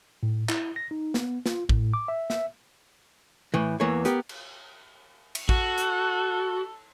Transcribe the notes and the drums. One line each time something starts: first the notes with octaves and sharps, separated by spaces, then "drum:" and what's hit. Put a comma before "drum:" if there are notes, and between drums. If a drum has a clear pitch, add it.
A2
E4, drum: clap
A#6
D#4
B3, drum: snare
F4, drum: snare
A2, drum: kick A1
D6
E5
E5, drum: snare
A2 E3
E2 E3 A#3 C#5
B3 G4 A#4, drum: hi-hat
drum: cymbal
drum: cymbal
F#4 A4, drum: kick A1
drum: hi-hat